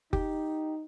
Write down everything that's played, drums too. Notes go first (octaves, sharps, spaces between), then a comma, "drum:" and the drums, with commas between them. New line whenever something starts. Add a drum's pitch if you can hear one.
D#4 G4, drum: kick F#1